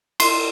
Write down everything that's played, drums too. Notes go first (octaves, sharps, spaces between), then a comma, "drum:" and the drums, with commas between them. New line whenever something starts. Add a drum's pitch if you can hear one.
C6, drum: cymbal